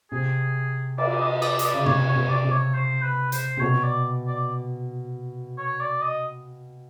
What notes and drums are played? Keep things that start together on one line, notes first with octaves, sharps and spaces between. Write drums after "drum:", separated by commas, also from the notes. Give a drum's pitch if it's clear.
C3 G#4
D5, drum: cymbal
D#5
D5, drum: cymbal
D#5, drum: hi-hat
D5
C#3
C3 C#5, drum: tom
C#5
C3
D5
C3
C#5
C5
B4
C5, drum: hi-hat
C3
B2 C#5
D5
D5
C#5
D5
D#5